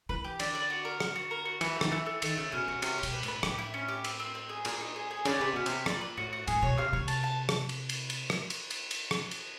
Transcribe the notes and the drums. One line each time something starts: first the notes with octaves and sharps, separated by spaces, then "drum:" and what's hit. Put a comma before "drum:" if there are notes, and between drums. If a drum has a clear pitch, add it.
E3 B4
G4
D3 D5, drum: cymbal
D5
F#4
A#4
F#4, drum: rim click
F#4
A#4
F#4
E3 F#4, drum: cymbal
A3
D#3, drum: rim click
E3 A3
A3
D#3 A3, drum: cymbal
C#3 A3
B2 C#4
B2 F#4
C3 C#4, drum: cymbal
G4
B2, drum: cymbal
B4
A2, drum: cymbal
B4
A2 G4, drum: rim click
E4
C#4
G4
C4, drum: cymbal
C4
C4
G#4
A#2 G#4, drum: cymbal
D#4
G#4
G#4
C#3 D5, drum: cymbal
C3 B4
B2 C#4
C3, drum: cymbal
B4
A#2 D5, drum: rim click
B4
A2 F#4
F#4
A2 G#4, drum: cymbal
B2 C#5
C3 F5
C3 C#5
A5, drum: cymbal
A5
drum: rim click
drum: cymbal
drum: cymbal
drum: cymbal
drum: rim click
drum: cymbal
drum: cymbal
drum: cymbal
drum: rim click
drum: cymbal